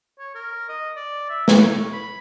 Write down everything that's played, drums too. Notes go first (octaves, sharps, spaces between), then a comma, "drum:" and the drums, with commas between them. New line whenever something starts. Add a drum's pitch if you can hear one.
C#5
A#4
D#5
D5
E5
C#5, drum: snare
B5